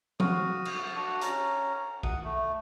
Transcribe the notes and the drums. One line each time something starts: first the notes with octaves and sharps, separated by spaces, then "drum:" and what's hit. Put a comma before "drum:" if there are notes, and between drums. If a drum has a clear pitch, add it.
F#4 F5 D#6, drum: tom F3
drum: cymbal
D4 F#4 F#5
C#4 A#5, drum: hi-hat
F#5 D#6, drum: kick B1
A3